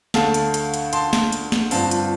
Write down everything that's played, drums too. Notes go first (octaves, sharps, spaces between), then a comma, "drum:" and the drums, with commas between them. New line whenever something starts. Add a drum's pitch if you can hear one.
D2 D3 A3 F5 A5, drum: snare
drum: hi-hat
drum: hi-hat
drum: hi-hat
A5 C6, drum: hi-hat
drum: snare
drum: hi-hat
drum: snare
G1 G2 F3 C4 F5 A5, drum: open hi-hat
drum: hi-hat